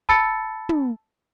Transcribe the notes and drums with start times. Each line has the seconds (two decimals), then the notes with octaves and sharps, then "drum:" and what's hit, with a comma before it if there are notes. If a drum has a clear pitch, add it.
0.09 A5 B5 E6 A6 C#7, drum: kick
0.69 drum: tom